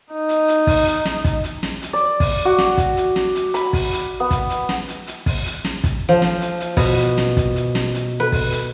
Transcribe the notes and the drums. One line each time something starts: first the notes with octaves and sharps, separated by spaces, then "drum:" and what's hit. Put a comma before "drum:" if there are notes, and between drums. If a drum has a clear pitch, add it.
D#4
drum: hi-hat
drum: hi-hat
drum: kick, open hi-hat
drum: hi-hat
drum: snare
drum: kick, hi-hat
drum: hi-hat
drum: snare
drum: hi-hat
D5
drum: kick, open hi-hat
F#4
drum: snare
drum: kick, hi-hat
drum: hi-hat
drum: snare
drum: hi-hat
B5, drum: hi-hat
drum: kick, open hi-hat
drum: hi-hat
B3
drum: kick, hi-hat
drum: hi-hat
drum: snare
drum: hi-hat
drum: hi-hat
drum: kick, open hi-hat
drum: hi-hat
drum: snare
drum: kick, hi-hat
F3
drum: snare
drum: hi-hat
drum: hi-hat
B2, drum: kick, open hi-hat
drum: hi-hat
drum: snare
drum: kick, hi-hat
drum: hi-hat
drum: snare
drum: hi-hat
B4
drum: kick, open hi-hat
drum: hi-hat